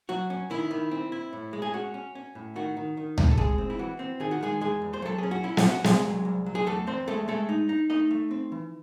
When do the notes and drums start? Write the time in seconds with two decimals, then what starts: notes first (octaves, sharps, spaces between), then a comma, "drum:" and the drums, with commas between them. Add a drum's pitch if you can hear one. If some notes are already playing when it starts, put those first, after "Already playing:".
0.09 F#3 F#4
0.30 C#4
0.50 D#3 E4
0.71 D#3
0.91 C4
1.12 E4
1.33 A2
1.53 G#3
1.62 G#4
1.74 C#4 F#4
1.94 C#4
2.15 C#4
2.35 A2
2.56 D#3 F#4
2.77 D#3
2.97 D#3
3.18 C3, drum: tom C#2
3.31 A4
3.38 A2 G#3 G#4, drum: kick
3.58 C4
3.70 E4
3.79 E3 F#4
3.99 C4
4.20 D#3 G#4
4.31 F#4
4.41 D#3 G#3 G#4
4.61 E2 G#3 G#4
4.82 E2
4.93 C5
5.02 F#3 A4
5.18 C#4 G#4
5.31 F#4
5.43 C#4 E4
5.57 F#4, drum: snare
5.64 C#4
5.71 F#4
5.84 C2 G#3 G#4, drum: snare
6.05 F#3
6.25 C2
6.46 F#3
6.55 G#4
6.66 E2 A3 A4
6.87 E2 C4 C5
7.07 G#3 A3 A4
7.28 G#3 A3 A4
7.49 D#4
7.69 D#4
7.90 A3 D#4 D#5
8.11 A3
8.31 C4
8.52 E3